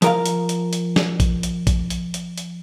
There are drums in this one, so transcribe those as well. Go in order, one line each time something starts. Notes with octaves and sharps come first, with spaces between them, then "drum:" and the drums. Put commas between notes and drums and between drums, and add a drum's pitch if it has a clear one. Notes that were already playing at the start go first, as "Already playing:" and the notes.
F3 A#4 F5, drum: hi-hat
drum: hi-hat
drum: hi-hat
drum: hi-hat
drum: snare
drum: kick A#1, hi-hat
drum: hi-hat
drum: kick A#1, hi-hat
drum: hi-hat
drum: hi-hat
drum: hi-hat